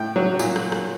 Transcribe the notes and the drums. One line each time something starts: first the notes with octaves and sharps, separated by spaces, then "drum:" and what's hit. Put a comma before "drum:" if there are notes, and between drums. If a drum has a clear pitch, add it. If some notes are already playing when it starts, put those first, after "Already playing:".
Already playing: A2 G5
F#3
A#2, drum: tambourine
drum: rim click
drum: rim click